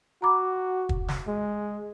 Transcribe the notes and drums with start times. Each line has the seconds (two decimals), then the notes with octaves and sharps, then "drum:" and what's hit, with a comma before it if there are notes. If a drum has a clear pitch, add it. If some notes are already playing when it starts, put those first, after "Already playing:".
0.22 F#4 A#5 B5 D6
0.89 drum: kick
1.08 drum: snare
1.28 G#3